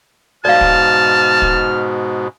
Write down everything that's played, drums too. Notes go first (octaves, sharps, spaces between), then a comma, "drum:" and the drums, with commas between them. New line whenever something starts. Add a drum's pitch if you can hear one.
G#2 B2 D5 F5 A5 F6
drum: kick
drum: kick